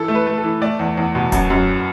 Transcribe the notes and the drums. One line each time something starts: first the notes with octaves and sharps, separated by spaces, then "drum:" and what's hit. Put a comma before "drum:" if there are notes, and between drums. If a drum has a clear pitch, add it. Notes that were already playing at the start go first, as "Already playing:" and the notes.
Already playing: E3 A4
A3
B4
A3
A4
E3
A3 D5
E2
E2
B2
F#2, drum: kick D#1, hi-hat
F#2